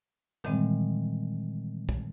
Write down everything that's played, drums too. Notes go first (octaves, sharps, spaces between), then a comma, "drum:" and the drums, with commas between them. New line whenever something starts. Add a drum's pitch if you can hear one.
A#2 D#3 E3 G3 G#3 C4, drum: tom G2
drum: kick